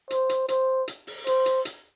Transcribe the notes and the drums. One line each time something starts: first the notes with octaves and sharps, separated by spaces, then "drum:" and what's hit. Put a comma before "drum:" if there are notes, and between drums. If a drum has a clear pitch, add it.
C5, drum: hi-hat
drum: hi-hat
C5, drum: hi-hat
drum: hi-hat
drum: open hi-hat
C5, drum: hi-hat
drum: hi-hat
drum: hi-hat